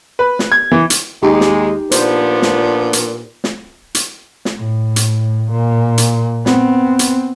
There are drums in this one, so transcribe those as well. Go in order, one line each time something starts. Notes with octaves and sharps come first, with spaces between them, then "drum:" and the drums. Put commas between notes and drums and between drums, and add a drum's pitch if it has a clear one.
B4
drum: snare
G#6
E3
drum: hi-hat
D#2 G#3 D#4 G4
drum: snare
A#2 F3 B3 D4 C5, drum: hi-hat
drum: snare
drum: hi-hat
drum: snare
drum: hi-hat
drum: snare
A2
drum: hi-hat
A#2
drum: hi-hat
B3 C4, drum: snare
drum: hi-hat